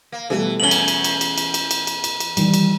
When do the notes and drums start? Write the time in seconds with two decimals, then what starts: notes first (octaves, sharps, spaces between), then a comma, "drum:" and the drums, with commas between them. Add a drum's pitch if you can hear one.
0.12 A#3
0.30 B2 E3 G3 A3
0.60 E2 C#4 F#7 G7
0.71 drum: cymbal
0.88 drum: cymbal
1.04 drum: cymbal
1.21 drum: cymbal
1.38 drum: cymbal
1.54 drum: cymbal
1.71 drum: cymbal
1.87 drum: cymbal
2.04 drum: cymbal
2.20 drum: cymbal
2.37 D#3 E3 G3, drum: cymbal
2.54 drum: cymbal